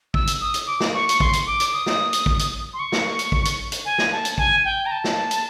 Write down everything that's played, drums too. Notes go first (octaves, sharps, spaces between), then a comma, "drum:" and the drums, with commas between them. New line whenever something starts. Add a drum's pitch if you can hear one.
E6, drum: kick
drum: hi-hat
D#6
drum: hi-hat
D6
drum: snare
C#6
C#6, drum: hi-hat
C6, drum: kick
drum: hi-hat
D6
drum: hi-hat
D#6
drum: snare
drum: hi-hat
drum: kick
drum: hi-hat
C6
C#6
drum: snare
drum: hi-hat
drum: kick
drum: hi-hat
drum: hi-hat
G#5
drum: snare
A5
drum: hi-hat
G#5, drum: kick
G5
A#5
A5
drum: snare
drum: hi-hat